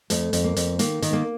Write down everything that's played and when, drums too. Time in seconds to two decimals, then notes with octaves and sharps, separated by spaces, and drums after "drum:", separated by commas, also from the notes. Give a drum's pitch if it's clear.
0.10 F2 A3, drum: hi-hat
0.33 F2, drum: hi-hat
0.44 A#3
0.56 F2, drum: hi-hat
0.79 D#3 A#3, drum: hi-hat
1.02 D#3, drum: hi-hat
1.13 A#3